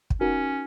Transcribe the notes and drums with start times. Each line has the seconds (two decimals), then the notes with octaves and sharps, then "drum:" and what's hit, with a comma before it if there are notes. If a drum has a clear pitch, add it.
0.10 drum: kick
0.20 C#4 D#4 F#4 A#4